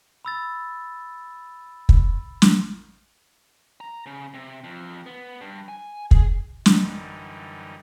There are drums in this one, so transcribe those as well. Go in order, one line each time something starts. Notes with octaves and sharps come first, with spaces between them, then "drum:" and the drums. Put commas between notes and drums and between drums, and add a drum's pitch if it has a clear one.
B5 E6 A6
drum: kick
drum: snare
A#5
C#3
C3
F2
B3
G2
G#5
G#4, drum: kick
F#2 D3 E3 G3 D#4, drum: snare